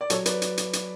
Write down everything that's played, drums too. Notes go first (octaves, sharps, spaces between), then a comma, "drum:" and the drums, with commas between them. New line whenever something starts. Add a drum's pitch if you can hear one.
D5
F#3 A4 C#5, drum: hi-hat
B4 D5, drum: hi-hat
drum: hi-hat
drum: hi-hat
drum: hi-hat